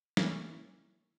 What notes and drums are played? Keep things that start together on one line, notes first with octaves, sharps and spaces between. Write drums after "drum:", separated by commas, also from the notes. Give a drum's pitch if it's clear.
E3 A#3 C#4 E4, drum: snare